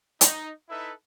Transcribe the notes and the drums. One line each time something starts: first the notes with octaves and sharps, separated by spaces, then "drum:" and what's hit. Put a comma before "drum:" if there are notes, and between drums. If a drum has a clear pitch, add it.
D#4, drum: hi-hat
D#4 E4 A4 B4 E5